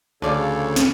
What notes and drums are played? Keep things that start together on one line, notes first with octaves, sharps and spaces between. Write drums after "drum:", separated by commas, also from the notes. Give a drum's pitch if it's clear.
D2 C#3 F3 G#4 A4 C#5 D5 F5
drum: snare